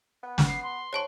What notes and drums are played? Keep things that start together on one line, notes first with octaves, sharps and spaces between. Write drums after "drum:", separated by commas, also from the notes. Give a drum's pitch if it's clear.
B3
drum: snare
C7
C6
G#2 C#5 A5 C#6